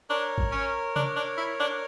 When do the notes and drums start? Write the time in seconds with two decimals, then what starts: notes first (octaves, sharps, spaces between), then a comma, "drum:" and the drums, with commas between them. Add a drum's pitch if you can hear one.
0.10 D4 A#4 C#5
0.38 drum: kick
0.52 C#4
0.96 D4, drum: tom C3
1.16 D4
1.38 E4
1.60 D4